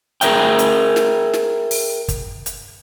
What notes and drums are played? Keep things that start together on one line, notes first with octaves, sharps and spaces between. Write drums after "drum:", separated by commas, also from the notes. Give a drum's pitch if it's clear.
G#4 A#4 D5 E5 G5, drum: hi-hat
drum: hi-hat
drum: snare
drum: snare
drum: open hi-hat
drum: kick, hi-hat
drum: hi-hat